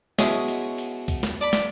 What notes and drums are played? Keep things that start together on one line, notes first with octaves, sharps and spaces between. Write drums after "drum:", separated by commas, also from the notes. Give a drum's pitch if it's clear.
B2 G#3 C#4 E4 G#4, drum: snare
drum: cymbal
drum: cymbal
drum: kick C2, cymbal
drum: snare
D5 A5 B5
drum: snare